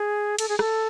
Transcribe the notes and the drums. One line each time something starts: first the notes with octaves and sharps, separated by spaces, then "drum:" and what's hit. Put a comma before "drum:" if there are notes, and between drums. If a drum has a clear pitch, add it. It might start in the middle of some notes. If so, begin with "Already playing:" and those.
Already playing: G#4
A4, drum: cymbal
G#4
A4, drum: rim click